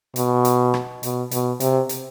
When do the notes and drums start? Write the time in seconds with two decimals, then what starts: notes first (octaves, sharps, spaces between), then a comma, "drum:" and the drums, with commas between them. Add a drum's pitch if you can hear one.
0.16 B2, drum: hi-hat
0.45 drum: hi-hat
0.74 drum: rim click
1.03 B2, drum: hi-hat
1.31 B2, drum: hi-hat
1.60 C3, drum: hi-hat
1.89 drum: hi-hat